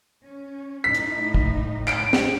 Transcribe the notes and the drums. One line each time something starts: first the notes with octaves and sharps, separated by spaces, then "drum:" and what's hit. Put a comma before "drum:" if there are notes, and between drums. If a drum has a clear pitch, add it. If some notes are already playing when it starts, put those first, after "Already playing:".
C#4
A2 D#4 B6
drum: hi-hat
drum: kick
D7, drum: clap
drum: snare